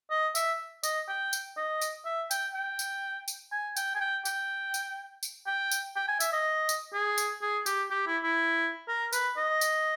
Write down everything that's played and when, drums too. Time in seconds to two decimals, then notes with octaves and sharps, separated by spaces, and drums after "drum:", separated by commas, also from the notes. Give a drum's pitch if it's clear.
0.11 D#5
0.35 E5, drum: tambourine
0.83 D#5, drum: tambourine
1.09 G5
1.33 drum: tambourine
1.57 D#5
1.81 drum: tambourine
2.05 E5
2.31 G5, drum: tambourine
2.54 G5
2.79 drum: tambourine
3.28 drum: tambourine
3.52 G#5
3.77 G5, drum: tambourine
3.95 G#5
4.01 G5
4.25 G5, drum: tambourine
4.74 drum: tambourine
5.23 drum: tambourine
5.47 G5
5.71 drum: tambourine
5.96 G5
6.08 G#5
6.20 E5, drum: tambourine
6.33 D#5
6.69 drum: tambourine
6.93 G#4
7.18 drum: tambourine
7.42 G#4
7.66 G4, drum: tambourine
7.91 G4
8.07 E4
8.23 E4
8.88 A#4
9.13 B4, drum: tambourine
9.37 D#5
9.61 drum: tambourine